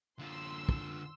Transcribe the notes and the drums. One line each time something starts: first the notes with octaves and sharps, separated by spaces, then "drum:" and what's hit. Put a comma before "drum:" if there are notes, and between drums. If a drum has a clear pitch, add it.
D3 F4 C6 E6
drum: kick